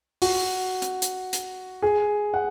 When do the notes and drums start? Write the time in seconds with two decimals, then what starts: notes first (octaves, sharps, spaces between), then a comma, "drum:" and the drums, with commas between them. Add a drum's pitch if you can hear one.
0.22 F#4, drum: open hi-hat
0.82 drum: hi-hat
1.02 drum: hi-hat
1.33 drum: hi-hat
1.82 G#4
2.34 F#5